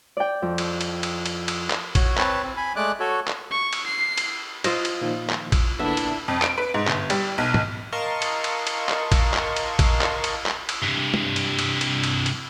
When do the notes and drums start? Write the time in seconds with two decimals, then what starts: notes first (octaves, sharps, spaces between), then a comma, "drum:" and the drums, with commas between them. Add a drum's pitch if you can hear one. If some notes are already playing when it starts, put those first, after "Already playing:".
0.17 D5 G5
0.42 F2
0.58 drum: cymbal
0.81 drum: cymbal
1.03 drum: cymbal
1.26 drum: cymbal
1.48 drum: cymbal
1.70 drum: clap
1.95 F#4 C#5, drum: kick A1, cymbal
2.18 C4 B4 C#5 A5, drum: clap
2.43 C4
2.57 G#5 B5
2.76 G#3 A3 D5 D6 F#6
3.00 F#4 A4 C#5
3.28 drum: clap
3.51 C#6
3.73 drum: cymbal
3.86 C7
4.18 drum: cymbal
4.64 F4 C5 D#5, drum: cymbal
4.85 drum: cymbal
5.01 A#2 D#3 F3
5.30 drum: clap
5.52 drum: kick A1, cymbal
5.79 A#2 D3 B3 D4 E4 E5
5.97 drum: cymbal
6.28 F2
6.42 D7, drum: clap
6.58 B4
6.74 G#2
6.88 G1, drum: clap
7.10 G3, drum: cymbal
7.38 B1
7.54 drum: tom
7.92 A#4 D#5 F5 A5 C6 C#6
8.22 drum: cymbal
8.44 drum: cymbal
8.67 drum: cymbal
8.89 drum: clap
9.12 drum: kick A1, cymbal
9.34 drum: clap
9.56 drum: cymbal
9.79 drum: kick A1, cymbal
10.01 drum: clap
10.24 drum: cymbal
10.46 drum: clap
10.69 drum: cymbal
10.82 G2 C3
11.14 drum: tom
11.36 drum: cymbal
11.59 drum: cymbal
11.81 drum: cymbal
12.04 drum: cymbal
12.26 drum: cymbal